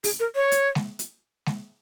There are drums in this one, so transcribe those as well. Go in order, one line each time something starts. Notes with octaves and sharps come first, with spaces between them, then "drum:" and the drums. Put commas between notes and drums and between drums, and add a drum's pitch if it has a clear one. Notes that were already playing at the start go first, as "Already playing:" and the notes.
G#4, drum: open hi-hat
A#4
C#5
drum: hi-hat
drum: snare G#3
drum: hi-hat
drum: snare G#3